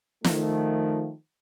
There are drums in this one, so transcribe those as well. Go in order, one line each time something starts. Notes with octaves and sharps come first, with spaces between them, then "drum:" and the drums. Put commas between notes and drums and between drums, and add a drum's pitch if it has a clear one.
D#3 F3 A3, drum: snare